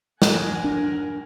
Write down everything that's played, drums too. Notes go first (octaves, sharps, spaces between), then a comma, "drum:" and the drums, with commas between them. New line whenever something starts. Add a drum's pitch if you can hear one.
A#4 F#5 G#5, drum: snare
D4